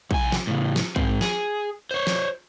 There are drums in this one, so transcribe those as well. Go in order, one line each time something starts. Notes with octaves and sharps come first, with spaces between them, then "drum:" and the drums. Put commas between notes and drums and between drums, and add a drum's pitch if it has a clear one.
C2 G#5, drum: kick
drum: snare
A2 C#3
drum: snare
G#2 C4, drum: kick
G#4, drum: snare
C5 C#5
drum: snare